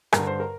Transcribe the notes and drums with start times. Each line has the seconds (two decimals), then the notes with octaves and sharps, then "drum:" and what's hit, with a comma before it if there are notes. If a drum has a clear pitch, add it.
0.13 G2 D3 A#4, drum: rim click
0.27 C5
0.40 A#4